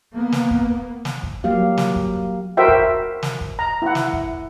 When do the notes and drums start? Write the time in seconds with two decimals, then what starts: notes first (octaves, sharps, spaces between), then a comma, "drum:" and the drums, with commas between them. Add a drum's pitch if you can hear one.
0.13 A#3 B3
0.32 drum: snare
0.51 drum: kick
1.05 drum: snare
1.23 drum: kick
1.44 F#3 A#3 G4 F5
1.78 drum: snare
1.96 drum: kick
2.57 F#4 A#4 C5 E5 G5
2.68 drum: kick
3.23 drum: snare
3.41 drum: kick
3.59 A#5
3.82 E4 F#5
3.95 drum: snare
4.13 drum: kick